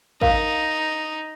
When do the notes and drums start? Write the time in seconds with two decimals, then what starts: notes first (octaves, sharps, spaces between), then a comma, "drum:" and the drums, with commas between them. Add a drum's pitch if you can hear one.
0.21 D#4 A#4 F5, drum: kick